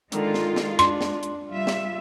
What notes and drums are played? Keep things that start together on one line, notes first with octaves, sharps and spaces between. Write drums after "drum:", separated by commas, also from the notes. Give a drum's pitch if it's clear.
D3 D#3 G#3 F4, drum: hi-hat
drum: snare
drum: snare
D4 C6, drum: hi-hat
drum: snare
drum: hi-hat
G3 F4 E5
drum: snare